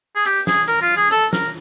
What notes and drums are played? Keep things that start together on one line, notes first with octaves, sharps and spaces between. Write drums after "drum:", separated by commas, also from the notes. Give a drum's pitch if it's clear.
G#4
G4, drum: hi-hat
G#4, drum: snare
A#4, drum: hi-hat
F4
G#4
A4, drum: hi-hat
A#4, drum: snare